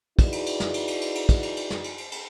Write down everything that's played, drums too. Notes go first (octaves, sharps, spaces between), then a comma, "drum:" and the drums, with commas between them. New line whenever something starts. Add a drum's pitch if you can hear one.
D#4 E4 F#4 G#4 B4 D5, drum: kick, cymbal
drum: cymbal
drum: cymbal
drum: snare
drum: cymbal
drum: cymbal
drum: cymbal
drum: cymbal
drum: kick, cymbal
drum: cymbal
drum: cymbal
drum: snare
drum: cymbal
drum: cymbal
drum: cymbal